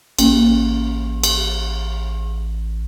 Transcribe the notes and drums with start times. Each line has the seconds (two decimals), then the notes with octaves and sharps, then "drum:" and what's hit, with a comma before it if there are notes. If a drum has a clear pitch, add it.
0.19 A1 A#3 C#4, drum: cymbal
1.24 drum: cymbal